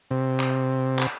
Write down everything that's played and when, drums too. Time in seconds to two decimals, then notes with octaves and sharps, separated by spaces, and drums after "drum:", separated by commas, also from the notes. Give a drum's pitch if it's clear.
0.11 C3
0.40 drum: clap
0.99 drum: clap